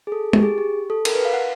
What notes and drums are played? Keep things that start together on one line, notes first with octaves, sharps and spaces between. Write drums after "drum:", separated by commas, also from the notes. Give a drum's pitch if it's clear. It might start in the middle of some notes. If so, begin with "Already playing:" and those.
G#4
A4
G4, drum: tom G#3
G#4
G4
A4
A#4, drum: cymbal
B4
F5
F#5